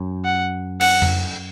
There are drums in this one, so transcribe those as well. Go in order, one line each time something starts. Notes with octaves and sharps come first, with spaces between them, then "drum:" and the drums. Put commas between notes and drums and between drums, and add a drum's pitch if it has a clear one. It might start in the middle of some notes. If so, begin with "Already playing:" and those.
Already playing: F#2
F#5
F#5, drum: cymbal
drum: tom F2